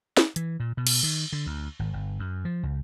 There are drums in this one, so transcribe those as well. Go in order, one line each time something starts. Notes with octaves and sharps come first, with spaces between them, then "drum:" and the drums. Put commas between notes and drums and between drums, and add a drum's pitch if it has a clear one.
drum: snare
E3, drum: hi-hat
A#2
B2
drum: cymbal
D#3
D3
D2
G#1
G1
F#2
F3
C#2